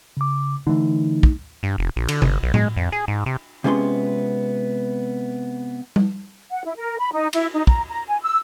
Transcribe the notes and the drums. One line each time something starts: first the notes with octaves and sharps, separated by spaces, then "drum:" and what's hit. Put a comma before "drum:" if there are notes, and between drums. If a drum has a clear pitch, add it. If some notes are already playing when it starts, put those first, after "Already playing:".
C#3 D6
D3 E3 A3 D#4
drum: kick
G2
F1
A#1
D3, drum: cymbal
G1, drum: tom C3
B1
G#3, drum: tom A2
F2
G#4
G#2
C3
C3 G#3 B3 C#4 F4 C6
drum: tom G3
F#5
E4
A#4
B5
D#4
E4, drum: cymbal
D#4
A#5, drum: kick
A#5
G#5
E6